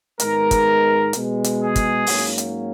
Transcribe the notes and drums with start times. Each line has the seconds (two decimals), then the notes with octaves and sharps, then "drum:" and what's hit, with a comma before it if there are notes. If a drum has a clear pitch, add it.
0.20 G#2 D#3 G#3 B3 A#4, drum: hi-hat
0.51 drum: kick, hi-hat
1.13 B2 G#3 B3, drum: hi-hat
1.44 drum: hi-hat
1.61 G#4
1.76 drum: kick, hi-hat
2.07 G#2 F#3 A#3 C#4, drum: open hi-hat
2.38 drum: hi-hat